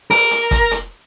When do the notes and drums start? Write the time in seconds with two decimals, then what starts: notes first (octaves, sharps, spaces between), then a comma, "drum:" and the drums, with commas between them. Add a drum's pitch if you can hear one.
0.11 A#4, drum: open hi-hat
0.31 drum: hi-hat
0.51 drum: kick, hi-hat
0.71 drum: hi-hat